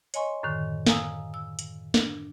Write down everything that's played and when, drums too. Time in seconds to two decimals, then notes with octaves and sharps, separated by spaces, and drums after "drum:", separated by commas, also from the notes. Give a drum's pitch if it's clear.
0.14 C#5 D#5 G#5 C6 C#6, drum: hi-hat
0.43 F#2 A2 D3 D#3
0.86 F5 G#5 A#5 D#6 E6, drum: snare
1.34 E6
1.59 drum: hi-hat
1.94 D4, drum: snare